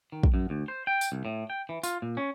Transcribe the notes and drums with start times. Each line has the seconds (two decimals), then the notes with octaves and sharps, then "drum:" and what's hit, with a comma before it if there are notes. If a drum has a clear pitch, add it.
0.12 D#3
0.23 drum: kick
0.34 F#2
0.50 D2
0.68 C5
0.87 G5
1.01 drum: tambourine
1.12 C2
1.25 A2
1.50 G5
1.69 E3
1.83 F4, drum: tambourine
2.02 A#2
2.17 C#4